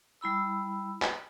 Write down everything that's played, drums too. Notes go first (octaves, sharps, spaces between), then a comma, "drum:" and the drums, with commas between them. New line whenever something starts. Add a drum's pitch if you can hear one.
G3 E4 B5 E6
drum: clap